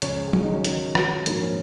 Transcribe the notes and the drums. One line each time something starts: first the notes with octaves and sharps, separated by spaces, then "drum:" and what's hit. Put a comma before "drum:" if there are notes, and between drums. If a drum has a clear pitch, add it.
C#2 C#3 F3 C#4 C#5, drum: hi-hat
G#4
F#3 F#4, drum: tom
D#3 D#4
C#4
D#3 D#4, drum: hi-hat
F#3 F#4, drum: rim click
A#1 G#2 F3 A#3 A#4, drum: hi-hat
C#4